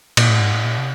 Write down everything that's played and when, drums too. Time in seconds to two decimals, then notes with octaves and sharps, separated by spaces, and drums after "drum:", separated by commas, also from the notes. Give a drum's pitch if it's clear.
0.17 A#2, drum: cymbal
0.29 A2
0.41 G#2
0.53 A2
0.65 A#2
0.78 C3